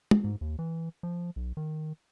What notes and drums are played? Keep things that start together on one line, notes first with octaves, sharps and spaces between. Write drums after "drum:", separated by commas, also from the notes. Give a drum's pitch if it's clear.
drum: tom G#3
G#2
D#2
E3
F3
B1
D#3